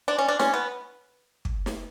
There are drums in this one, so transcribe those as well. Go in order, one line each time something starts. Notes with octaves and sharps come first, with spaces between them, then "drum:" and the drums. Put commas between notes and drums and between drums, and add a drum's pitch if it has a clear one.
D4
C#4
D4
C#4, drum: snare
B3
drum: kick
drum: snare